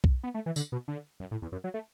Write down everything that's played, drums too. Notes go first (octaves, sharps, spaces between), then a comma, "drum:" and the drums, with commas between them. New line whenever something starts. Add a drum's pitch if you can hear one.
drum: kick B1
B3
A3
E3
D3, drum: tambourine
B2
D3
F#2
A2
E2
F#2
F#3
A3